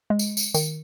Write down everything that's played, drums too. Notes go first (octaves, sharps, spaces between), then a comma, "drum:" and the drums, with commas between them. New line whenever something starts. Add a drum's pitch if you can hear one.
G#3
drum: tambourine
drum: tambourine
D#3, drum: tambourine